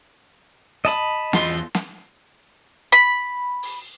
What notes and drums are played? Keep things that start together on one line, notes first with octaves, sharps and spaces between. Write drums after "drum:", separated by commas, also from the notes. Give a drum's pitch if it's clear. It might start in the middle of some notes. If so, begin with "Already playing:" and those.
D#5 A5 B5, drum: hi-hat
E2 F4 C6, drum: snare
drum: snare
B5
drum: open hi-hat